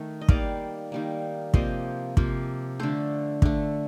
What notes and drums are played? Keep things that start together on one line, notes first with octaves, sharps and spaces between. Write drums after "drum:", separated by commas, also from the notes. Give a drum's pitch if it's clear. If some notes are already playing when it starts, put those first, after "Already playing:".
Already playing: D#3 A3
D#5
D#3 G3 A#3 D5 F5, drum: kick
D#3 G3 A#3
C3 F3 A#3 C5 D#5, drum: kick
C3 F3 A#3, drum: kick
D3 A3 A4 C5
D3 A3, drum: kick